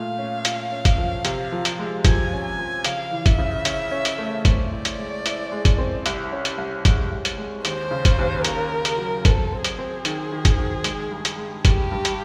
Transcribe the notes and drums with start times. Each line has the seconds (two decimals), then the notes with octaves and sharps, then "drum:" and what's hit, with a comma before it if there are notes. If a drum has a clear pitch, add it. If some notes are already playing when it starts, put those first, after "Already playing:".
Already playing: A#2 A3 F5
0.18 C#4
0.45 A#2, drum: hi-hat
0.72 C#4
0.85 drum: kick, hi-hat
0.98 F3
1.25 C3, drum: hi-hat
1.52 F3
1.65 drum: hi-hat
1.79 G#3
2.05 F3 G#5, drum: kick, hi-hat
2.32 C#4
2.45 G#5
2.59 F3
2.85 C#3 F5, drum: hi-hat
3.11 E3
3.26 E5, drum: kick, hi-hat
3.39 C#3
3.65 C#4, drum: hi-hat
3.91 C#4
4.05 drum: hi-hat
4.18 A3
4.45 C4 D5, drum: kick, hi-hat
4.72 E4
4.85 drum: hi-hat
4.99 G#3
5.26 E4, drum: hi-hat
5.52 G#3
5.65 drum: kick, hi-hat
5.78 C4
6.06 C2, drum: hi-hat
6.32 C#4
6.45 drum: hi-hat
6.58 C2
6.85 G#3, drum: kick, hi-hat
7.12 C2
7.25 drum: hi-hat
7.38 G#3
7.65 D#2 C5, drum: hi-hat
7.91 C#3
8.05 drum: kick, hi-hat
8.19 D#2
8.44 D#2 A#4, drum: hi-hat
8.72 D#2
8.85 drum: hi-hat
8.98 F#3
9.25 C4 A4, drum: kick, hi-hat
9.52 C4
9.64 G#4, drum: hi-hat
9.78 C4
10.05 D#3, drum: hi-hat
10.32 D#3
10.45 drum: kick, hi-hat
10.58 D#3
10.84 G#3, drum: hi-hat
11.11 G2
11.25 drum: hi-hat
11.38 G#3
11.65 G2 G4, drum: kick, hi-hat
11.92 G2
12.05 drum: hi-hat